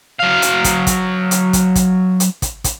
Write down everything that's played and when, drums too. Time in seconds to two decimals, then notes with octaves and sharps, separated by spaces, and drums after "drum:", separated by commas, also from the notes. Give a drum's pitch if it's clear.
0.20 F#3 F5
0.42 drum: hi-hat
0.64 drum: kick, hi-hat
0.87 drum: kick, hi-hat
1.31 drum: hi-hat
1.53 drum: kick, hi-hat
1.75 drum: kick, hi-hat
2.20 drum: hi-hat
2.42 drum: kick, hi-hat
2.64 drum: kick, hi-hat